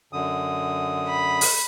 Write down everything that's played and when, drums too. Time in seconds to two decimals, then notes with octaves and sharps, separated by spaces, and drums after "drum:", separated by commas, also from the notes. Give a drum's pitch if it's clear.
0.13 F#2 D3 D#6
1.08 B5
1.41 drum: open hi-hat